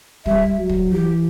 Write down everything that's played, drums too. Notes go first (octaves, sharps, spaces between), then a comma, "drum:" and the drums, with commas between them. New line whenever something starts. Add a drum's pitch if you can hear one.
G3 E5, drum: kick
F#3
drum: kick
E3 G4